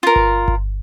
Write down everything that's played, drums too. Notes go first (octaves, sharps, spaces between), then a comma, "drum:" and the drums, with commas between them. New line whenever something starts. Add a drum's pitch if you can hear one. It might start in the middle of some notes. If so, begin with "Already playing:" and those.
F4 A#4
drum: kick G1
drum: kick G1